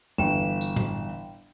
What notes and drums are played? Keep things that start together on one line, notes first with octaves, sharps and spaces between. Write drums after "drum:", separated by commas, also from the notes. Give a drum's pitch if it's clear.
G1 E3 G5 E7
drum: tambourine
drum: tom A2